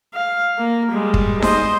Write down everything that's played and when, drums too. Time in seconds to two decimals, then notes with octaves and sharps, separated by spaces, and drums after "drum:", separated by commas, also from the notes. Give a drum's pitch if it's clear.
0.14 F5
0.58 A#3
0.90 G3 G#3
1.14 drum: kick
1.42 C5 D#5, drum: snare D#4